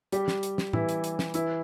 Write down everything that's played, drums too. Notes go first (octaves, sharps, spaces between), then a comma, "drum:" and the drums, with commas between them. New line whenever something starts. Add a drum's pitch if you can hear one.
G3 G4, drum: hi-hat
drum: snare
drum: hi-hat
drum: snare
E3 E4, drum: tom A2
drum: hi-hat
drum: hi-hat
drum: snare
E3 E4, drum: hi-hat